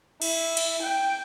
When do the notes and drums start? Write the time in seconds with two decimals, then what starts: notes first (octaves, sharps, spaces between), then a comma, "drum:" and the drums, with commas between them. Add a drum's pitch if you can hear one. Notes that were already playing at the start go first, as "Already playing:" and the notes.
0.22 E4, drum: cymbal
0.57 drum: cymbal
0.82 G5